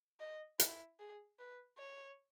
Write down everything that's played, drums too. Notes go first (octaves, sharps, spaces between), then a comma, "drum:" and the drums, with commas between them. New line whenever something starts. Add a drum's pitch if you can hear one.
D#5
E4, drum: hi-hat
G#4
B4
C#5